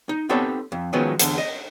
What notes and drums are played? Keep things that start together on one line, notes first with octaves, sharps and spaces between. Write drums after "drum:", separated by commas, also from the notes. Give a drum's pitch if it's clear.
D#4
B3 C4 D#4 G4 A4 C#5
F2
D#3 F3 F#3 G#3 B3 C#4
E2 D3, drum: hi-hat
D#5